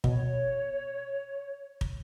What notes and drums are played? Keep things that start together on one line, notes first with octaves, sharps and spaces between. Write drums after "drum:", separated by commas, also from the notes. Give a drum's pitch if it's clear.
B2 C#5, drum: kick
drum: kick